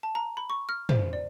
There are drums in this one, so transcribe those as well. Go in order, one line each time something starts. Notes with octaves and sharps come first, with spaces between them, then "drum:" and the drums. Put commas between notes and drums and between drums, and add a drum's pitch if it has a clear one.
A5
A#5
B5
C#6
F6
C5, drum: tom
D5